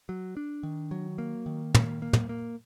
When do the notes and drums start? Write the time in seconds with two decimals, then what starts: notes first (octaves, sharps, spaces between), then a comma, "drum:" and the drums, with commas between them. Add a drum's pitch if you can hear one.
0.09 F#3
0.37 D4
0.63 D#3
0.91 F#3
1.18 A#3
1.46 D#3
1.74 A#3, drum: tom
2.02 A#3
2.13 drum: tom
2.29 A#3